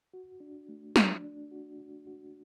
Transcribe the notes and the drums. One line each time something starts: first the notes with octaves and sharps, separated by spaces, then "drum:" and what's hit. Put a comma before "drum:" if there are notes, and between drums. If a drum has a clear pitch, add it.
F#4
D4
A3
D4, drum: snare
D4
F#4
F#4
F#4